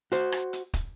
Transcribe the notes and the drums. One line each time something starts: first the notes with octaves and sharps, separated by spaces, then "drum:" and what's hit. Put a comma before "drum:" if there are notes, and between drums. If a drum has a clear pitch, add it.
F#4 C5, drum: hi-hat
drum: rim click
drum: hi-hat
drum: kick, hi-hat